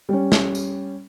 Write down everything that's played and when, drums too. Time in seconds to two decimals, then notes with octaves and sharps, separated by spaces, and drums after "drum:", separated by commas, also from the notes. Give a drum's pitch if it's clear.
0.09 G3 C#4
0.32 drum: snare
0.55 drum: tambourine